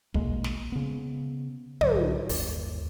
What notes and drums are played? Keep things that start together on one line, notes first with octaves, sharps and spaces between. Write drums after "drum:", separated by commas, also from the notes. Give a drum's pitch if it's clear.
A#1 B2 G#3 A#3, drum: kick
drum: snare
C#3 B3
C2 A2 D3 F#3, drum: tom
G1 D#2, drum: open hi-hat